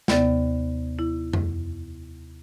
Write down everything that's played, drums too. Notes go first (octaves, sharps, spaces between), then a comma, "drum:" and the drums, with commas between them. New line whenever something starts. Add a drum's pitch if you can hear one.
D#2 C3 B3 D5 A6, drum: snare
E4
drum: tom F2